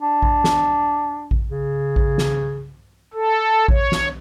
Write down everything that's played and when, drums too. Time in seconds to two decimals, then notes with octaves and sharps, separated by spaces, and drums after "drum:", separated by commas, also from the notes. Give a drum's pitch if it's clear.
0.01 D4
0.23 drum: kick A1
0.44 drum: snare
1.31 drum: kick A1
1.50 C#3
1.96 drum: kick A1
2.18 drum: snare
3.14 A4
3.68 C#5, drum: kick A1
3.92 drum: snare